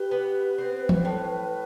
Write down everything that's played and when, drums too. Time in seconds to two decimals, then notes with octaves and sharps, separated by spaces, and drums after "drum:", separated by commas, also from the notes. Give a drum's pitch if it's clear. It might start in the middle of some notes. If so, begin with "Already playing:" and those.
Already playing: G4 B4
0.11 B3
0.58 C4
0.89 drum: tom E3
1.05 A2